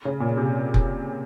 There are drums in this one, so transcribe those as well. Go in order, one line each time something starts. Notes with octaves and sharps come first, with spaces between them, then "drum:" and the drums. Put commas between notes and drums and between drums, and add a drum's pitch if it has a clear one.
C#3
A#2
C3
drum: kick F1